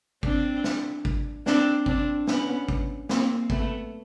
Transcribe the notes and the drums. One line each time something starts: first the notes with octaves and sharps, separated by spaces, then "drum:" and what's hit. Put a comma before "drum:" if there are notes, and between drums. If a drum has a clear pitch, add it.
C4 D4, drum: kick
drum: snare
drum: kick
C4 D4, drum: snare
C4 D4, drum: kick
B3 C#4, drum: snare
drum: kick
A#3 C4, drum: snare
A3 B3, drum: kick